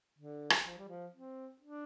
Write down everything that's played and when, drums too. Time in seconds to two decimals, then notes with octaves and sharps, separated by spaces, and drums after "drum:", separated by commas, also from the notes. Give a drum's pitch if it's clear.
0.19 D3
0.50 drum: rim click
0.66 F3
0.78 G3
0.89 F3
1.13 C4
1.61 D4